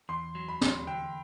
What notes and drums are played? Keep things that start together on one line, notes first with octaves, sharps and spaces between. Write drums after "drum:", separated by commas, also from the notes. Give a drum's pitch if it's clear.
E2 C6
F#3
B5
E2, drum: snare
D3 G5